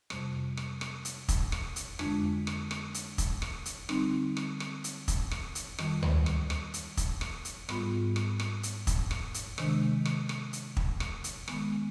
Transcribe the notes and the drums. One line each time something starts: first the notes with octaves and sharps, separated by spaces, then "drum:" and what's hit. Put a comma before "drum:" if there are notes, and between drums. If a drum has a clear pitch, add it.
F2 C3 G3, drum: rim click
drum: rim click
drum: rim click
drum: hi-hat
drum: kick, hi-hat
drum: rim click
drum: hi-hat
F2 D3 G#3 D4, drum: rim click
drum: rim click
drum: rim click
drum: hi-hat
drum: kick, hi-hat
drum: rim click
drum: hi-hat
D3 G3 C4 D#4, drum: rim click
drum: rim click
drum: rim click
drum: hi-hat
drum: kick, hi-hat
drum: rim click
drum: hi-hat
F2 D#3 G3, drum: rim click
drum: tom D2
drum: rim click
drum: rim click
drum: hi-hat
drum: kick, hi-hat
drum: rim click
drum: hi-hat
G#2 G3 B3 F4, drum: rim click
drum: rim click
drum: rim click
drum: hi-hat
drum: kick, hi-hat
drum: rim click
drum: hi-hat
C3 D#3 G#3 D4, drum: rim click
drum: rim click
drum: rim click
drum: hi-hat
drum: kick
drum: rim click
drum: hi-hat
D#3 G#3 B3, drum: rim click